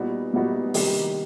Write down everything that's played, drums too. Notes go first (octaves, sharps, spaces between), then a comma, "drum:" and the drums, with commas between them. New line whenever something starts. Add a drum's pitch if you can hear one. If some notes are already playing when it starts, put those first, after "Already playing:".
Already playing: A#2 G3 B3 D#4 F#4
A#2 G3 B3 D#4 F#4
C3 D#3 G3 A#3 D4, drum: open hi-hat